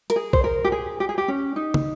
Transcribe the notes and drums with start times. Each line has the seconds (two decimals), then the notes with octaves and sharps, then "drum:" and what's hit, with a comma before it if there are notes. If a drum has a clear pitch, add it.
0.10 A#4, drum: hi-hat
0.16 G#4
0.33 C5, drum: kick
0.44 A#4
0.64 G4
0.72 G#4
1.00 G4
1.09 G#4
1.18 G4
1.28 C#4
1.56 D#4
1.74 drum: tom